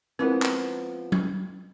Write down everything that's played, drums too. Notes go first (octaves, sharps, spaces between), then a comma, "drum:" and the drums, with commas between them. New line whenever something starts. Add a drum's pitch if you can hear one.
F3 G#3 B3 C4 E4 A#4
drum: clap
drum: tom F#3